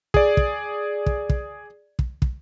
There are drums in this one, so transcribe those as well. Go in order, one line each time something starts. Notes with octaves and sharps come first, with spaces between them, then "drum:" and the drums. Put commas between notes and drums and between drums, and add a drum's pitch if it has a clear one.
G#4 D5, drum: kick
drum: kick
drum: kick
drum: kick
drum: kick
drum: kick